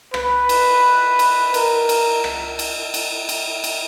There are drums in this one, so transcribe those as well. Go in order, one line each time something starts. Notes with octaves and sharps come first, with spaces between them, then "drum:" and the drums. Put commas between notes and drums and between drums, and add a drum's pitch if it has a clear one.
B4, drum: rim click
drum: cymbal
drum: cymbal
A#4, drum: cymbal
drum: cymbal
drum: rim click
drum: cymbal
drum: cymbal
drum: cymbal
drum: cymbal